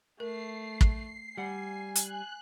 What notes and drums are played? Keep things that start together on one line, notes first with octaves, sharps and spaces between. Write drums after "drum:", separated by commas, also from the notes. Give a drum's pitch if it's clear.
A3 A#4 C7
drum: kick
G3 F#5 G#5
F#6, drum: hi-hat